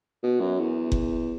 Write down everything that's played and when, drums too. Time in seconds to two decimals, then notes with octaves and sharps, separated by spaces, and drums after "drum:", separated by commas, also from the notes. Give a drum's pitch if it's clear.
0.23 B2
0.41 F#2
0.60 E2
0.92 drum: kick F#1